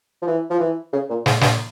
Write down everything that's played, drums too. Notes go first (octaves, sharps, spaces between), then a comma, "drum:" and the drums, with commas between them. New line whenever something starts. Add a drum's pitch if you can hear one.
F3
E3
F3
E3
C#3
A#2
G#2, drum: snare
G2, drum: snare